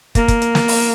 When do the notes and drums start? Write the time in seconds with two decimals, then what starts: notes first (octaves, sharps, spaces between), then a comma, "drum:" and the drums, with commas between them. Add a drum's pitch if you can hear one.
0.15 A#3, drum: kick, hi-hat
0.28 drum: kick, hi-hat
0.42 drum: hi-hat
0.55 drum: snare
0.68 drum: open hi-hat